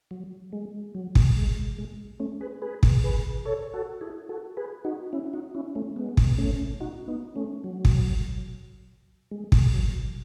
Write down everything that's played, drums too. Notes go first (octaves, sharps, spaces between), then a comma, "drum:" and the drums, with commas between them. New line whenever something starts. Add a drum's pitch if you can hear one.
F#3
G#3
F#3
drum: kick
G#3
G#3
A3 C#4
G#4 B4
G#4 B4
drum: kick
G#4 B4
A4 C#5
F#4 A4
E4 G#4
F#4 A4
G#4 B4
D#4 F#4
C#4 E4
D#4 F#4
C#4 E4
A3 C#4
G#3 B3
drum: kick
A3 C#4
D#4 F#4
B3 D#4
A3 C#4
F#3
drum: kick
G#3
drum: kick
F#3